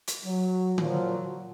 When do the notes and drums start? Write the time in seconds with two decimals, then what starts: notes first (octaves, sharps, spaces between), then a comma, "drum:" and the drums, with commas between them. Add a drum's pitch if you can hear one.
0.07 drum: hi-hat
0.25 F#3
0.78 A#2 F3 F#3, drum: tom D3